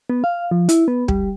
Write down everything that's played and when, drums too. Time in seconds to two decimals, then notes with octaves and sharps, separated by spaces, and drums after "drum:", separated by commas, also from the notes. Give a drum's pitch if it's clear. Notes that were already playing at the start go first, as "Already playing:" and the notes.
0.10 B3
0.24 F5
0.51 F3
0.69 E4, drum: hi-hat
0.88 B3
1.08 G3, drum: kick